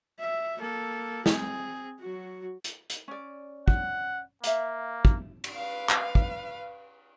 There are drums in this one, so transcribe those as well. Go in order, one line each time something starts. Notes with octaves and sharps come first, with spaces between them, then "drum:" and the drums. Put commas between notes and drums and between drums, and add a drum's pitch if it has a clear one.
E5
A#3 A4
C4 G#4, drum: snare
F#3 F#4
drum: hi-hat
drum: hi-hat
C#4 D5
F#5, drum: kick
A#3 E5 F5, drum: hi-hat
drum: kick
drum: cymbal
B4 F5
drum: clap
drum: kick